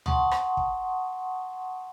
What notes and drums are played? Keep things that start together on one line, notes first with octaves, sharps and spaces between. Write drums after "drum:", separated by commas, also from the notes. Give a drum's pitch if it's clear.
F#5 A5 C6 C#6 D#6, drum: tom C#2
drum: rim click
drum: kick